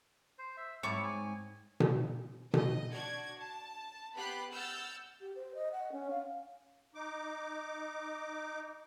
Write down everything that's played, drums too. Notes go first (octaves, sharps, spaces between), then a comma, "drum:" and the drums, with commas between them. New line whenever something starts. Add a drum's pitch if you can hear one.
C5
E5
G#2 C4 E4 C#5 A5 C#6 D6
G#5
drum: tom B2
D#5, drum: tom B2
D4 F#4 D5 G#6
A5
B3 G4 B5 F#6 C7
F#5 E6 F6 G6 A6
G4
C5
D#5
F#5
C#4
F5
D#4 D6